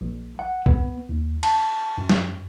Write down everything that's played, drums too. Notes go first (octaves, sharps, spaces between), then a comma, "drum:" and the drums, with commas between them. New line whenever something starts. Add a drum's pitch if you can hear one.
A#1
F#5
B3, drum: kick
D#2
A5, drum: cymbal
F#2
drum: snare